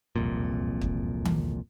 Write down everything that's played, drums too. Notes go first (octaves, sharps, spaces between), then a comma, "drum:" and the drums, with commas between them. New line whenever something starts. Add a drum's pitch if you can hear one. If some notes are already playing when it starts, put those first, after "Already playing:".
E1 C2 F2 A#2
drum: kick
drum: tom D#3